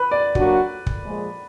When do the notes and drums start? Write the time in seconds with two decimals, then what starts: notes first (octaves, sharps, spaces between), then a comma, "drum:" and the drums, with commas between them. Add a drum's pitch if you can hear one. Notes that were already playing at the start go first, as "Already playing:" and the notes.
Already playing: B4
0.11 D5
0.35 F#3 A#3 D4 F#4, drum: kick
0.86 drum: kick
1.04 A#2 F3 G#3